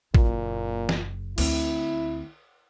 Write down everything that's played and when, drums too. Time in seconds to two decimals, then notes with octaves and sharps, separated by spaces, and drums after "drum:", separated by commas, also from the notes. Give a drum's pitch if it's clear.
0.15 F#1 A#2 F4, drum: kick A1
0.89 drum: snare
1.38 D2 C4 E4, drum: cymbal